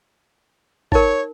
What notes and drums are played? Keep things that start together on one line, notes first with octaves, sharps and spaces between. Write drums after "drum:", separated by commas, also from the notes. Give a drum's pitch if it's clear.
D#4 A#4 C#5, drum: kick